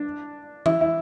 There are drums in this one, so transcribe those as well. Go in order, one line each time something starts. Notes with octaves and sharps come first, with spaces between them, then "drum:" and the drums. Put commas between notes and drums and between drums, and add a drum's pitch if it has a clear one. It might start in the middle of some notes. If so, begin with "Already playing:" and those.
Already playing: D4
E4, drum: tom E3
E4